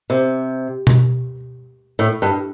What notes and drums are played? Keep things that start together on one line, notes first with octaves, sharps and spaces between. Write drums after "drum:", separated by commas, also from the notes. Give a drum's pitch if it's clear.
C3
drum: tom B2
A2
G2